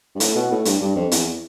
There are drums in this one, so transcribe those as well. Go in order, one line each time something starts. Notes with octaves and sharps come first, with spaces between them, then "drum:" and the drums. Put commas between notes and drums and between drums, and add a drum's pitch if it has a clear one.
G2
A2, drum: hi-hat
B2
A2
G2, drum: hi-hat
G2
F2
E2, drum: hi-hat